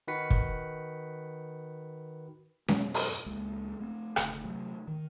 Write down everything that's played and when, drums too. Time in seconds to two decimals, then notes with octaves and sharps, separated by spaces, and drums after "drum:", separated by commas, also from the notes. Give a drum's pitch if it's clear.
0.08 D#3 F#4 B4 B6 C#7
0.30 drum: kick
2.68 F2 G#2 B2 F#3, drum: snare C#4
2.94 drum: open hi-hat
3.26 C#2 G#3 A#3
3.80 A3 C4
4.16 F1 D2 C#3 A3, drum: rim click
4.44 C3 F#3 A3
4.88 D#3